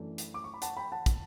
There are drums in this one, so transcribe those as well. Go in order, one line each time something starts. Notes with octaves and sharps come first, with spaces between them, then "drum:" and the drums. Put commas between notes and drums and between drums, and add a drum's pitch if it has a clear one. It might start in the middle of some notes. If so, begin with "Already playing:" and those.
Already playing: F#2 E3 A3 D4
drum: hi-hat
D6
C#6
B5
F#5 A5, drum: hi-hat
G5 B5
F#5 A5
drum: kick, hi-hat